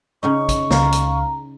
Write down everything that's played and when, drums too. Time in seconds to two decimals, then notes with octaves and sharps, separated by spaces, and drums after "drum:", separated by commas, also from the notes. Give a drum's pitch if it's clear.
0.23 C#3 C#4 D#4 C#6
0.49 drum: kick, hi-hat
0.71 C#2 F5 A#5, drum: snare
0.92 drum: hi-hat